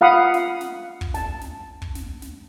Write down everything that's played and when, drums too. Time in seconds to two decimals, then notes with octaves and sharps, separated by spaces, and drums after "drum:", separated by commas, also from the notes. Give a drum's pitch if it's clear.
0.01 F4 F5 F#5 B5 D#6
0.34 drum: snare
0.61 drum: snare
1.01 drum: kick
1.14 A5, drum: snare
1.41 drum: snare
1.82 drum: kick
1.95 drum: snare
2.22 drum: snare